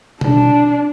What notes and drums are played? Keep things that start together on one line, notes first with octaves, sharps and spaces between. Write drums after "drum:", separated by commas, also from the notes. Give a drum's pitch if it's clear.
D4, drum: tom B2